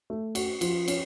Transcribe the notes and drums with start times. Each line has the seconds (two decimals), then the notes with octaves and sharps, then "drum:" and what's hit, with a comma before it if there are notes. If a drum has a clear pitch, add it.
0.10 A3
0.35 F#4, drum: cymbal
0.61 F3, drum: cymbal
0.88 C#4, drum: cymbal